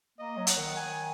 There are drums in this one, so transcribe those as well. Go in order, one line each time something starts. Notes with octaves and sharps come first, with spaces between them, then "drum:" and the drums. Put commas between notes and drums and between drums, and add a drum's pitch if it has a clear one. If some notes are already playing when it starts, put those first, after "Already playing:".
A#3 D#5
F#3
F#5, drum: hi-hat
D#3
G#5